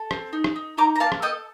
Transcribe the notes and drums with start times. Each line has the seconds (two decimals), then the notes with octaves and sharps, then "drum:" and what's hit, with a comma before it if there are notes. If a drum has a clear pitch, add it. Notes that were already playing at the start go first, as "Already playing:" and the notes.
Already playing: A4
0.11 C4, drum: rim click
0.33 D#4
0.44 drum: rim click
0.56 D#4
0.78 D#4 A#5 D6
0.96 A#5
1.00 A#3 F5 A5
1.12 drum: rim click
1.22 A4 D#5 G5